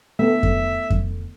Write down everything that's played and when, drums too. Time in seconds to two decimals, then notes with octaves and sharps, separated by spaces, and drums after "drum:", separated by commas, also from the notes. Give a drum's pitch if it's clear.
0.19 A3 B3 E5
0.43 drum: kick F2
0.90 drum: kick F2